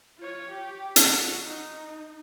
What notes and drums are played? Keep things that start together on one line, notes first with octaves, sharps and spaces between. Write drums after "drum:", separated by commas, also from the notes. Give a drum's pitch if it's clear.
F4 C#5
G4
F#4 F#5, drum: hi-hat
D#4